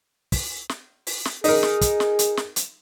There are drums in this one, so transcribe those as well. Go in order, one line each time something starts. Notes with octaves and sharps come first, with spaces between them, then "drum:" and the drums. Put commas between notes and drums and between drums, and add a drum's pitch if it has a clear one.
drum: kick, open hi-hat
drum: snare
drum: open hi-hat
drum: snare
D#4 G#4 A#4, drum: open hi-hat
drum: snare
drum: kick, hi-hat
drum: snare
drum: hi-hat
drum: snare
drum: hi-hat